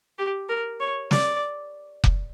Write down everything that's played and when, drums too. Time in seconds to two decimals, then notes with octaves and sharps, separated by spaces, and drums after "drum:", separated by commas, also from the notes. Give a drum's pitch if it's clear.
0.18 G4
0.49 A#4
0.80 C#5
1.11 D5, drum: snare
2.04 drum: kick F1